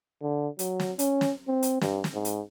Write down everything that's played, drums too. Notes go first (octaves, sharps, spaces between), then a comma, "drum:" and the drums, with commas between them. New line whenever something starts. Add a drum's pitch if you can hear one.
D3
F#3, drum: hi-hat
drum: snare
C#4, drum: hi-hat
drum: snare
C4
drum: hi-hat
G2, drum: snare
drum: snare
G#2
drum: hi-hat